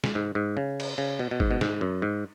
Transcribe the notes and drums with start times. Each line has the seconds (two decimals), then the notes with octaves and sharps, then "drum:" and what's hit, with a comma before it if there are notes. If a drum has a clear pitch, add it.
0.04 drum: snare
0.15 G#2
0.35 G#2
0.57 C#3
0.80 drum: cymbal
0.98 C#3
1.19 B2
1.31 B2
1.40 G#2, drum: kick
1.51 B2
1.61 G#2, drum: snare
1.81 F#2
2.02 G#2